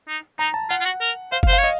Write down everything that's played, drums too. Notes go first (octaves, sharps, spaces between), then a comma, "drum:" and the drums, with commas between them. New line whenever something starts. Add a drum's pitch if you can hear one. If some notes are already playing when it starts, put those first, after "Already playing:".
D#4
D#4 A#5
A5
F4 F#5
F4
F#4
A#4
C5 F5
F5, drum: kick F#1
C5
F5
C#5
D#5